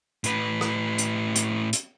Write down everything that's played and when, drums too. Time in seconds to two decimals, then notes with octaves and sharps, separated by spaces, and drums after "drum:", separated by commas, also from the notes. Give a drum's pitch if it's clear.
0.24 A2 B4, drum: hi-hat
0.61 drum: rim click
0.98 drum: hi-hat
1.36 drum: hi-hat
1.73 drum: hi-hat